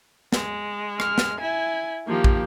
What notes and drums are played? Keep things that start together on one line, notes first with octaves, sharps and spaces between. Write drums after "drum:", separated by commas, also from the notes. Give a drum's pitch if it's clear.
G#3, drum: snare
F6, drum: rim click
drum: snare
E4 G#5
D#3 F3 A#3 G4
drum: kick